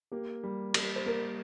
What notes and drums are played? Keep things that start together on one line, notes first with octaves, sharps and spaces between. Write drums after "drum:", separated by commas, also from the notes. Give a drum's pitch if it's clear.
A#3 G4
G3
G3, drum: cymbal
C5
A#3 A#4